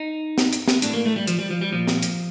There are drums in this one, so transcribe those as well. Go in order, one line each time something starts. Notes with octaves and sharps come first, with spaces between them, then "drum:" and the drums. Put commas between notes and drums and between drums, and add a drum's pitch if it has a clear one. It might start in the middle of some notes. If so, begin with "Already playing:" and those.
Already playing: D#4
drum: snare
drum: hi-hat
drum: snare
A2 D4, drum: hi-hat
A#3
A3
G3
F3, drum: hi-hat
G3
F3
G3
A#2 F3
drum: snare
drum: hi-hat